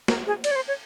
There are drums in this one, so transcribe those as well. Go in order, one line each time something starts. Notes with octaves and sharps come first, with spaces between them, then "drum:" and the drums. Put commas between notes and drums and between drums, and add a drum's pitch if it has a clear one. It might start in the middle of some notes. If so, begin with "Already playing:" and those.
A#4, drum: snare
G#4
D5, drum: cymbal
C#5
C5
C#5